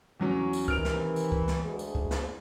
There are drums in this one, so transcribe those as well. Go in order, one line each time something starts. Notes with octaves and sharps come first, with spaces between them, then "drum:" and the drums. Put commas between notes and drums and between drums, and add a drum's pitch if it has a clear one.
E2 F#3 C#4
drum: tambourine
C3 D#3 E3 A#4 F6 D7 F7, drum: kick C#2
drum: snare
drum: tambourine
drum: kick C#2
drum: snare
D2 G#3 G#4
drum: tambourine
drum: kick C#2
drum: snare